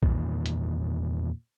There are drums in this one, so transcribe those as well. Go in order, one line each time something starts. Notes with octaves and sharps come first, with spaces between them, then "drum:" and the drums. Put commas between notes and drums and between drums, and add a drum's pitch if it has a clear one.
E2 A#2 D#3, drum: kick A#1
drum: hi-hat